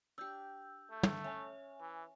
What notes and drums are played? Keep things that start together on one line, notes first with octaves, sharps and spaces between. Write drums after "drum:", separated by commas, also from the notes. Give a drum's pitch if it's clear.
D4 G4 E6 G6
A3
drum: tom
C#4 E5 G#5
E3